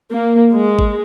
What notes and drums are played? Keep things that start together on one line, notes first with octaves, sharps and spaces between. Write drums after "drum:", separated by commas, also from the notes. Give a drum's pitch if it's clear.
A#3
G#3
drum: kick G#1